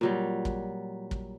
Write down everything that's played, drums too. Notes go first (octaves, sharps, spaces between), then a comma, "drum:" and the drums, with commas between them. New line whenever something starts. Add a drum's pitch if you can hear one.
A#2 F#3 G3
drum: kick
drum: kick